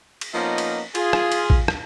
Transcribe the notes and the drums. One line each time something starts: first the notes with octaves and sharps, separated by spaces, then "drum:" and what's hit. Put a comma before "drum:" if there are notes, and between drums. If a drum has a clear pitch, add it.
drum: cymbal
F3 A#3 B3 C#4 D#4 D#5
drum: cymbal
F4 G#4, drum: cymbal
drum: rim click
drum: cymbal
drum: kick
drum: rim click